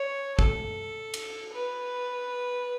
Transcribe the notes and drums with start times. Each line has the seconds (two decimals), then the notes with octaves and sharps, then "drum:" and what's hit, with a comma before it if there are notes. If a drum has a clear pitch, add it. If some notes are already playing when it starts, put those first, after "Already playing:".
Already playing: C#5
0.39 A4, drum: kick G#1
1.14 drum: cymbal
1.53 B4